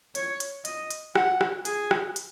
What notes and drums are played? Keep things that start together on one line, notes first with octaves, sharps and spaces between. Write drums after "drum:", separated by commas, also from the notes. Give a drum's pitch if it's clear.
C#5, drum: hi-hat
drum: hi-hat
D#5, drum: hi-hat
drum: hi-hat
F#5, drum: rim click
drum: rim click
G#4, drum: hi-hat
drum: rim click
drum: hi-hat